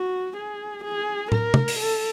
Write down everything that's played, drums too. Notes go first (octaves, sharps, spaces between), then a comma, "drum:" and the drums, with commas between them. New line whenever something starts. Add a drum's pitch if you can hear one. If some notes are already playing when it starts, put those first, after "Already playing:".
Already playing: F#4
G#4
G#4
A#4, drum: tom
drum: tom
drum: open hi-hat
A4